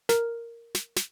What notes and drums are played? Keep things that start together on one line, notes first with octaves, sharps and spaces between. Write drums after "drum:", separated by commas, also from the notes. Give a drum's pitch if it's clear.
A#4, drum: snare
drum: snare
drum: snare